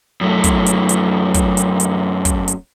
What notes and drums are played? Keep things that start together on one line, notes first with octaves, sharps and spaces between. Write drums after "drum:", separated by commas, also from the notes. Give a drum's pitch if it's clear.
F#2 A3
drum: kick, hi-hat
drum: hi-hat
drum: hi-hat
drum: kick, hi-hat
drum: hi-hat
drum: hi-hat
drum: kick, hi-hat
drum: hi-hat